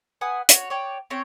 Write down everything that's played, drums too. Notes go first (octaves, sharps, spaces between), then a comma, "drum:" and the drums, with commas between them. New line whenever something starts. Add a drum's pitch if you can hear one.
B4 F#5 G#5 D#6
F#4 C#5, drum: hi-hat
C#5 D5 G5
C4 C#4 C#5 G5